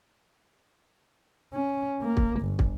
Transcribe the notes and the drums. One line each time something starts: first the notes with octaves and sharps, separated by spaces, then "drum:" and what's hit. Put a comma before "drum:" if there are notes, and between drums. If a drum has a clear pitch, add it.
C#4
A#3
drum: kick
G1
drum: kick